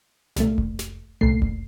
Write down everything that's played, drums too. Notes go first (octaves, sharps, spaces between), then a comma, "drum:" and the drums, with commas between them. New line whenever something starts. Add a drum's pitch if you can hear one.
C2 A#2 A3, drum: snare
drum: kick F1
drum: snare
C2 A#2 A3 C7
drum: kick F1